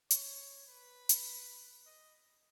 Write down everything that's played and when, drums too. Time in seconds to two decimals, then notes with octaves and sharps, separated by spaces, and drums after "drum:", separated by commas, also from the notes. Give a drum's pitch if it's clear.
0.11 C#5, drum: hi-hat
0.69 B4
1.09 drum: hi-hat
1.86 D#5